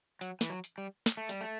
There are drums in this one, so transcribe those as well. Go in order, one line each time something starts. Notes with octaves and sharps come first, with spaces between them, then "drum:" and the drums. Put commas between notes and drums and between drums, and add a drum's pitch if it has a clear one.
F#3, drum: hi-hat
E3, drum: snare
F#3
drum: hi-hat
G3
drum: snare
A3
G3, drum: hi-hat
A3